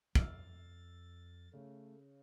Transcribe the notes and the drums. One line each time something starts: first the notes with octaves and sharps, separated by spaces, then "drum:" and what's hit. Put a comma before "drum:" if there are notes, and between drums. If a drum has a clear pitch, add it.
F2 E6 F6 A6 C7, drum: kick
C#3 A3